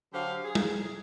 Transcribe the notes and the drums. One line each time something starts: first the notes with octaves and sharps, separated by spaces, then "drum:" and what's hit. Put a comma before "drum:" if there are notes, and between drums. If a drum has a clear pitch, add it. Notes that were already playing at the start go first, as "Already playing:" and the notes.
D3 F#3 G4 C5 F5
G#4
drum: tom G3